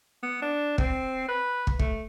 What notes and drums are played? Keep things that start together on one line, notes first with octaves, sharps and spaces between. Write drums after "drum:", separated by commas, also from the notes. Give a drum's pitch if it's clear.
B3
D4
C4, drum: kick
B4
drum: kick
A3, drum: kick